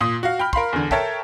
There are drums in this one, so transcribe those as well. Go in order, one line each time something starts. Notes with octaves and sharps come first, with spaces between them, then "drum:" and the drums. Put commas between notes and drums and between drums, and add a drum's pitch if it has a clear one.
A#2 D#6
F#4 F5
G5 B5 F6
A#4 F5 B5 C6, drum: kick
E2 D3
A4 A#4 C#5 E5 G5 A5, drum: kick